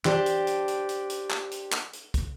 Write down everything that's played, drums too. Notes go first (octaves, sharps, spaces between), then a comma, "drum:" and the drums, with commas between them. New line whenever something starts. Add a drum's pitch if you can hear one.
D4 G4 C5, drum: clap
drum: hi-hat
drum: hi-hat
drum: hi-hat
drum: hi-hat
drum: hi-hat
drum: clap
drum: hi-hat
drum: clap
drum: hi-hat
drum: kick, hi-hat